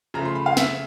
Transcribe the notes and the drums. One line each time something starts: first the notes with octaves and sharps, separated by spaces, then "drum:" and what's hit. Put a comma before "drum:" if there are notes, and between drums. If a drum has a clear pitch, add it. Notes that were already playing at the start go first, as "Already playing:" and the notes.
C#3 F3 A3 A#5
C6
B5
F5
E5, drum: snare